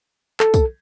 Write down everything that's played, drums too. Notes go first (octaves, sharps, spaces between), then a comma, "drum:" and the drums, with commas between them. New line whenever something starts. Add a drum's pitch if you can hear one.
A4, drum: clap
drum: kick, tambourine